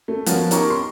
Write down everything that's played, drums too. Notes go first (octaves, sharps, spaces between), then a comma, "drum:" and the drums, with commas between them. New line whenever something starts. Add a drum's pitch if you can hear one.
A3
F3 B3 C#4 F#4 A#4, drum: hi-hat
C#4 D#4 G4 A#4 A#5 C#6, drum: hi-hat
C6